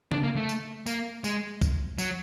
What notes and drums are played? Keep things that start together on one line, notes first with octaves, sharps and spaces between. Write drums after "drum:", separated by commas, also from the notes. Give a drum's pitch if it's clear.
D4, drum: tom C#3
A#3
A3
drum: tambourine
A#3, drum: tambourine
G#3, drum: tambourine
drum: kick, tambourine
F#3, drum: tambourine